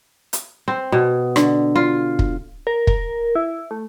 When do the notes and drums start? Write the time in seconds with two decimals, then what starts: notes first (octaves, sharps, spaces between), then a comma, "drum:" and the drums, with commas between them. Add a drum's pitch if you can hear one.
0.33 drum: hi-hat
0.68 C4
0.92 B2
1.36 D3, drum: rim click
1.76 F4
2.19 drum: kick
2.67 A#4
2.87 A#4, drum: kick
3.36 E4
3.71 A3